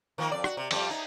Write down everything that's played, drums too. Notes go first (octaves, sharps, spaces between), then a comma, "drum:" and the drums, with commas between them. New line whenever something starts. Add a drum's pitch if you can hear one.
D#3 F3 A#3
F2 D5
F#4, drum: rim click
C3
F2 G3, drum: cymbal
D#4